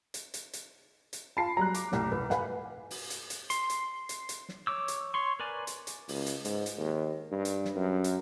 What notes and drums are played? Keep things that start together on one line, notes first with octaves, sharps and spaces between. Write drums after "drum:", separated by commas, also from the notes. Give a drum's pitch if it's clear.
drum: hi-hat
drum: hi-hat
drum: hi-hat
drum: hi-hat
F4 A5 B5 C7
F#3 G3 A#5 F#6
D6, drum: hi-hat
C2 F#2 A2, drum: snare
B4, drum: tom
B4 F5 F#5 G#5, drum: snare
drum: open hi-hat
drum: hi-hat
drum: hi-hat
C6, drum: hi-hat
drum: hi-hat
drum: hi-hat
drum: hi-hat
drum: snare
C#5 D6 E6
drum: hi-hat
C#5 C6 C#6
A#4 B4 D5 G#5
drum: hi-hat
drum: hi-hat
C#2, drum: open hi-hat
drum: hi-hat
G#2, drum: hi-hat
drum: hi-hat
D#2
G2
drum: hi-hat
drum: snare
F#2
drum: hi-hat